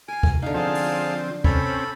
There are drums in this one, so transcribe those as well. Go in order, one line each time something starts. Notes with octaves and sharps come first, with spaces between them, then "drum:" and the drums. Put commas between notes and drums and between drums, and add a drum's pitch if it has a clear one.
A#4 F5 G#5
drum: kick
D3 B3 D#4 F5
F3 C4 G#4 F5 A5
drum: open hi-hat
D5
C4 C#4 A4 C#5 B5, drum: kick